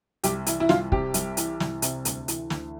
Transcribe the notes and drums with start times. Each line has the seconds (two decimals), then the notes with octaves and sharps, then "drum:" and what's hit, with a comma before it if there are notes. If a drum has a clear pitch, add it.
0.24 C2 G4, drum: hi-hat
0.46 E3 E4, drum: hi-hat
0.60 E4
0.69 C2 F4, drum: snare
0.92 C3 G4, drum: kick
1.14 C2, drum: hi-hat
1.37 E3, drum: hi-hat
1.60 C2, drum: snare
1.82 C3, drum: hi-hat
2.05 D2, drum: hi-hat
2.28 E3, drum: hi-hat
2.50 D2, drum: snare